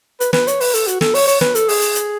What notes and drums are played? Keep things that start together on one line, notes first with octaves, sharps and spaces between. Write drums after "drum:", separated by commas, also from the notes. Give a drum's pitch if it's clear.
B4, drum: hi-hat
B4, drum: snare
C#5, drum: hi-hat
B4, drum: open hi-hat
A4, drum: hi-hat
F#4, drum: hi-hat
A4, drum: snare
C#5, drum: open hi-hat
C#5, drum: hi-hat
B4, drum: snare
A4, drum: hi-hat
G#4, drum: open hi-hat
drum: hi-hat
drum: hi-hat